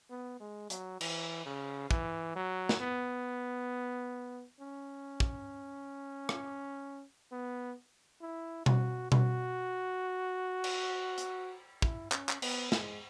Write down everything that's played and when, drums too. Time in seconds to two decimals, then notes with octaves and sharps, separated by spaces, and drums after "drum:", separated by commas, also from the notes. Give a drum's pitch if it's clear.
0.11 B3
0.40 G#3
0.70 F#3, drum: hi-hat
1.01 E3, drum: cymbal
1.46 C#3
1.91 E3, drum: kick
2.36 F#3
2.69 drum: snare
2.81 B3
4.61 C#4
5.20 drum: kick
6.29 drum: rim click
7.32 B3
8.22 E4
8.66 F#4, drum: tom B2
9.12 F#4, drum: tom B2
10.64 drum: cymbal
11.18 drum: hi-hat
11.82 E4, drum: kick
12.12 C#4, drum: clap
12.29 drum: clap
12.42 B3, drum: cymbal
12.72 G#3, drum: snare